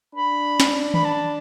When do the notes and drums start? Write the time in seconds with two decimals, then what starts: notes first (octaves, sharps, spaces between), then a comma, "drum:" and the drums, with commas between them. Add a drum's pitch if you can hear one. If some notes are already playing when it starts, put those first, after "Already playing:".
0.14 D4 B5
0.60 drum: snare
0.94 B5, drum: tom D#3
1.05 A5